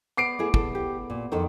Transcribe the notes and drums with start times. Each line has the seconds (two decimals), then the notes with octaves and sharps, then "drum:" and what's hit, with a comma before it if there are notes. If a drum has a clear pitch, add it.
0.17 B3 D5 D6 C7 D7
0.39 A3 E4 G#4
0.54 A4, drum: kick
0.75 G4
1.10 A#2
1.32 F2 D#3 A4 C5 D5